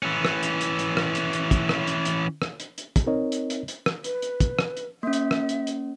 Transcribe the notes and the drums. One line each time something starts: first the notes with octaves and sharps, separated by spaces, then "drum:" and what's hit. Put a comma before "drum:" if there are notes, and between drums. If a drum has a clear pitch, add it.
E3 C#4
drum: rim click
drum: hi-hat
drum: hi-hat
drum: hi-hat
drum: rim click
drum: hi-hat
drum: hi-hat
drum: kick, hi-hat
drum: rim click
drum: hi-hat
drum: hi-hat
drum: rim click
drum: hi-hat
drum: hi-hat
drum: kick, hi-hat
C4 D#4 A#4 C#5 D#5
drum: hi-hat
drum: hi-hat
drum: hi-hat
drum: rim click
B4, drum: hi-hat
drum: hi-hat
drum: kick, hi-hat
drum: rim click
drum: hi-hat
A#3 C#4 E5
drum: hi-hat
drum: rim click
drum: hi-hat
drum: hi-hat